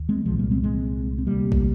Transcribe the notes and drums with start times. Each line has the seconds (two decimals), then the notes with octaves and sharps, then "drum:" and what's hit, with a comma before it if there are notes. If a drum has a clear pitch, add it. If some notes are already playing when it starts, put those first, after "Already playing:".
Already playing: D#2
0.09 G#3 C4
0.26 C2 A#2 F3 G#3
0.39 G3 A#3
0.51 G#3 C4
0.64 G#3 C4
1.18 C4
1.26 D2 C3 G3 A#3
1.52 drum: kick